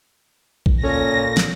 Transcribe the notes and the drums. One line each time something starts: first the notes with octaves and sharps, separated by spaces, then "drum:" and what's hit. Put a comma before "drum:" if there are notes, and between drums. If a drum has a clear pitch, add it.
drum: kick A#1
A#2 C#4 A4 A#6
drum: snare